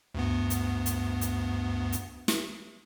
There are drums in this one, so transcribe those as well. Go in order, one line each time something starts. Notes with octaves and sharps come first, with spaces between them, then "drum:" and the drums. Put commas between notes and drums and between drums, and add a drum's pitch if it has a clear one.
D2 G2 B3
drum: hi-hat
drum: hi-hat
drum: hi-hat
drum: hi-hat
drum: snare